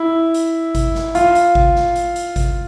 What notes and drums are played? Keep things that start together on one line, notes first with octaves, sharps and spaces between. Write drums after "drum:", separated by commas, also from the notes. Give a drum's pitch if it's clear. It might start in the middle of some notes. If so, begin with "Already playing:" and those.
Already playing: E4
drum: hi-hat
drum: kick G#1, hi-hat
drum: snare
F4, drum: hi-hat
drum: hi-hat
drum: kick G#1
drum: snare
drum: hi-hat
drum: hi-hat
drum: kick G#1, hi-hat